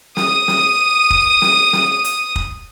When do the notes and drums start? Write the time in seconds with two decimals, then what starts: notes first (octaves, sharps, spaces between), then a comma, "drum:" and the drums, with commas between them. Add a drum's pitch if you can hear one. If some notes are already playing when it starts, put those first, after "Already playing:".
0.17 D#6 D#7, drum: snare
0.48 drum: snare
1.10 drum: kick
1.42 drum: snare
1.73 drum: snare
2.04 drum: hi-hat
2.36 drum: kick